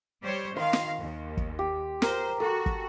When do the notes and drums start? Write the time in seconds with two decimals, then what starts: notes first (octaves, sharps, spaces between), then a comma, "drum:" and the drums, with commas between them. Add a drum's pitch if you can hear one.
0.23 G3 C5 C#5
0.56 D#3 F5 C6
0.73 drum: snare
0.99 D#2
1.37 drum: kick
1.59 G4
2.02 A#4 C5, drum: snare
2.40 F#4 A4
2.66 drum: kick